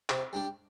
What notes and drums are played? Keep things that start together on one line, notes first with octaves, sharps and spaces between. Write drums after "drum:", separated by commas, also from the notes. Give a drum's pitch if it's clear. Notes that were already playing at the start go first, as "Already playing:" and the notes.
C3, drum: clap
G3 D4 G4